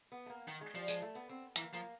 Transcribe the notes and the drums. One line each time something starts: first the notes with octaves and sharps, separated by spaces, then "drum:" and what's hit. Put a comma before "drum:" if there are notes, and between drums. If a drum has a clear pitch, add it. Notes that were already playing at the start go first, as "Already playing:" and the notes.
B3
A3
A#3
D#3
G#3
F3 G3
G#3, drum: tambourine
A3
B3
C4
E3 A#3, drum: hi-hat
F3 A#3